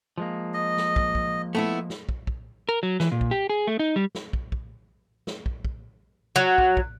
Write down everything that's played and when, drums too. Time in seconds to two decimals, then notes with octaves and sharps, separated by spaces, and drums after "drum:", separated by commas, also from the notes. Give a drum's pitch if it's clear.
0.18 F3 G#3 A#3
0.54 D#5
0.77 drum: snare
0.96 drum: kick
1.15 drum: kick
1.55 A3 B3 E4
1.90 drum: snare
2.09 drum: kick
2.27 drum: kick
2.69 A#4
2.83 F#3
3.00 E3, drum: snare
3.12 A#2
3.21 drum: kick
3.31 G4
3.49 G#4
3.67 A3
3.79 D#4
3.96 G3
4.15 drum: snare
4.33 drum: kick
4.52 drum: kick
5.27 drum: snare
5.46 drum: kick
5.65 drum: kick
6.36 F#3
6.58 drum: kick
6.77 drum: kick